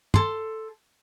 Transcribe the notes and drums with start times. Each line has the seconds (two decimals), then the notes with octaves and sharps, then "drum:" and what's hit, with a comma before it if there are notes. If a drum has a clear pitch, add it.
0.14 A4 C6, drum: tom